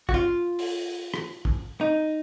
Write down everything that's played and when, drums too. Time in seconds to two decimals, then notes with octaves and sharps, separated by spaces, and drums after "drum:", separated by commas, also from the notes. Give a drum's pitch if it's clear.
0.09 F#4, drum: kick
0.14 F4
0.59 drum: open hi-hat
1.14 drum: rim click
1.45 drum: kick
1.81 D#4